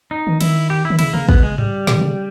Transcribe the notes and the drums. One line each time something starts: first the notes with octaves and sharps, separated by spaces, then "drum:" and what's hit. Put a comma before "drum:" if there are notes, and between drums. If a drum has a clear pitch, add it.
D#4
D#3
D#3 E4, drum: cymbal
G4
E4
D#3
C#3 E4, drum: cymbal
C#3 A#3
B3, drum: kick
G#3
G3, drum: tom G#2
A#2, drum: snare
D#3
C#3